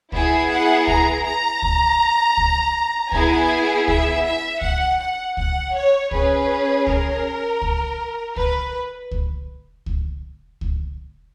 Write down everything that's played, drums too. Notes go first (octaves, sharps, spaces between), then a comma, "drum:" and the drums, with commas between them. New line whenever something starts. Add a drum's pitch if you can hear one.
B3 E4 G#4 E5, drum: kick C#2
F#5
A#5, drum: kick C#2
A#5
drum: kick C#2
drum: kick C#2
B3 E4 G#4 G#5, drum: kick C#2
E5, drum: kick C#2
E5
F#5, drum: kick C#2
F#5
F#5, drum: kick C#2
C#5
C#4 G#4 B4, drum: kick C#2
A#4, drum: kick C#2
drum: kick C#2
B4, drum: kick C#2
drum: kick C#2
drum: kick C#2
drum: kick C#2